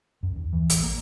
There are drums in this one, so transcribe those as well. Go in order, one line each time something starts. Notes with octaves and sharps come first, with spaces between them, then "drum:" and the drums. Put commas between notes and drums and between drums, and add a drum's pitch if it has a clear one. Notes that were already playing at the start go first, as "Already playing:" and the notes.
F#2
D#2
E3
A1, drum: hi-hat
A#3